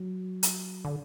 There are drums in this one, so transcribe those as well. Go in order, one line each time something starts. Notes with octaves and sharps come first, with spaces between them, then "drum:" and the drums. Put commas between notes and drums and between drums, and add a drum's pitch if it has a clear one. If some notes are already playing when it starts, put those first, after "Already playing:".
Already playing: F#3
drum: hi-hat
D3